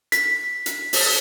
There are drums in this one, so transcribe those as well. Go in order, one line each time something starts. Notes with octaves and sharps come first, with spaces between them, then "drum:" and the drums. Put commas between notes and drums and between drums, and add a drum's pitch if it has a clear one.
B6, drum: hi-hat
drum: hi-hat
drum: open hi-hat